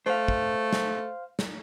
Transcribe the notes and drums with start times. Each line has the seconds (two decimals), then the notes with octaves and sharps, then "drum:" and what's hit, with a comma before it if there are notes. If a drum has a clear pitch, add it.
0.06 A3 C5 F5
0.28 drum: kick
0.73 drum: snare
1.39 drum: snare